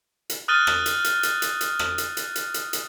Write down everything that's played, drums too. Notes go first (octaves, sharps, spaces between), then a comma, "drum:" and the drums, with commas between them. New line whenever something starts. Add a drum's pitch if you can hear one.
drum: hi-hat
D#6 F6 F#6 A6 D#7 G7
drum: rim click
drum: hi-hat
drum: hi-hat
drum: hi-hat
drum: hi-hat
drum: hi-hat
drum: rim click
drum: hi-hat
drum: hi-hat
drum: hi-hat
drum: hi-hat
drum: hi-hat